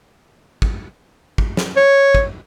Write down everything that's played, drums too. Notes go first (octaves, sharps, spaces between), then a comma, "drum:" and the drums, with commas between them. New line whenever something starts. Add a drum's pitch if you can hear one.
drum: kick
drum: kick
drum: snare
C#5
drum: kick